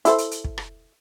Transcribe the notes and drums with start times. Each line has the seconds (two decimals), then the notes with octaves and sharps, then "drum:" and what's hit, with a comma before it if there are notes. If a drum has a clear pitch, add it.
0.05 E4 A4 C5, drum: hi-hat
0.18 drum: hi-hat
0.31 drum: hi-hat
0.44 drum: kick
0.58 drum: rim click